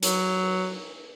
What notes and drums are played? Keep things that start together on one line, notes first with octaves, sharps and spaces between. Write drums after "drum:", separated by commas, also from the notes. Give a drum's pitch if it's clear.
F#3, drum: hi-hat